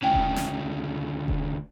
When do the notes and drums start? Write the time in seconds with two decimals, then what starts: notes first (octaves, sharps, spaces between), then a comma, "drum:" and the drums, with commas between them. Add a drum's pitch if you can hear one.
0.03 D2 C#3 E4 G5 G#5
0.14 drum: kick E1
0.36 drum: snare
1.28 drum: kick E1